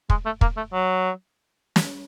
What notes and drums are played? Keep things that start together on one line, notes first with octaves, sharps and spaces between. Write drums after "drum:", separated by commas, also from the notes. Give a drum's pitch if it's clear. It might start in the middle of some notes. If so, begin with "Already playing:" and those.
G#3, drum: kick
A3
A#3, drum: kick
A3
F#3
drum: snare